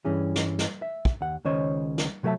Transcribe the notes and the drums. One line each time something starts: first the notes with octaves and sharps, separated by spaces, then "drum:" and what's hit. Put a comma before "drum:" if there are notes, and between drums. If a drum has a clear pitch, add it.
G2 E3 C#4 G#4
drum: snare
drum: snare
E5
drum: kick
D#2 F#5
C#2 D#3 C#4 C5 C#5 D#5
drum: snare
C3 F#3 A3 A#4 E5 A5